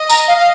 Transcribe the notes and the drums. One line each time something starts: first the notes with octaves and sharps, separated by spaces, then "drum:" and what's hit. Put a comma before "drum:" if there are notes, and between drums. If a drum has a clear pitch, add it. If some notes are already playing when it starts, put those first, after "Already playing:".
Already playing: D#5
A#5, drum: tambourine
F5
F5